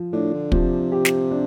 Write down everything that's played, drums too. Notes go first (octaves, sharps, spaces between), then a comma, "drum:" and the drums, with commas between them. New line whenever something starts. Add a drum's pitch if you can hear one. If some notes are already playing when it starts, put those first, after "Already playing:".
Already playing: F3
A2 D4
D3
C3 F3, drum: kick
G4
drum: snare
D4